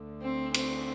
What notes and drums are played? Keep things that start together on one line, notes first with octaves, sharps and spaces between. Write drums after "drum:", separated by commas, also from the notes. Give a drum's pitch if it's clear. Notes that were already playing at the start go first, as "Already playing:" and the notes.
Already playing: D2 D3
C4
C4, drum: cymbal